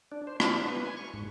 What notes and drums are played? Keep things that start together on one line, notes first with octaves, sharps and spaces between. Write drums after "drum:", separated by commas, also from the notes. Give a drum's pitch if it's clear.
D4
C5
F6, drum: rim click
D4
B4
G#5
C#6
G#2